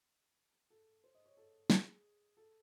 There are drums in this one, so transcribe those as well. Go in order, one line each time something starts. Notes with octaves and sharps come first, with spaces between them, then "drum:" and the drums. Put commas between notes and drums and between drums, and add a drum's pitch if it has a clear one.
A4
C5
D#5
C#5
A4
G#4, drum: snare
A4